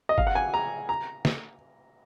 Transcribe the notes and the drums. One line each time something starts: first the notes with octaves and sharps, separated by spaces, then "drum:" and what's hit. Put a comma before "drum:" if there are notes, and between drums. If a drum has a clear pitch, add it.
D#5
F5, drum: kick
F#5
G#5
A#5
A#5
drum: snare